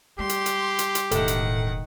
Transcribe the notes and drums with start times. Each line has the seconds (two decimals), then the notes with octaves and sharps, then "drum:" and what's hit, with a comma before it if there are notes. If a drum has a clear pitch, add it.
0.19 G3 G4 C6
0.29 drum: hi-hat
0.46 drum: hi-hat
0.79 drum: hi-hat
0.95 drum: hi-hat
1.11 E1 A2 D#3 A4 F#5, drum: hi-hat
1.28 drum: hi-hat